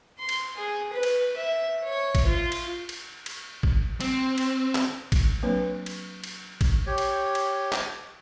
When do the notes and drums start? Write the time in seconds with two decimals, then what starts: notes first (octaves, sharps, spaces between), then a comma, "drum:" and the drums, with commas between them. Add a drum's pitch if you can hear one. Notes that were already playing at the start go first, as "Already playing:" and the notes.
0.19 C6
0.29 drum: cymbal
0.57 G#4
0.93 B4
1.03 drum: cymbal
1.37 E5
1.84 C#5
2.15 drum: kick, cymbal
2.26 F4
2.52 drum: cymbal
2.89 drum: cymbal
3.26 drum: cymbal
3.63 drum: kick
4.01 C4, drum: cymbal
4.38 drum: cymbal
4.75 drum: clap
5.12 drum: kick, cymbal
5.43 F#3 A#3 C4 D4 B4 C#5
5.86 drum: cymbal
6.24 drum: cymbal
6.61 drum: kick, cymbal
6.86 G4 C#5
6.98 drum: cymbal
7.35 drum: cymbal
7.72 drum: clap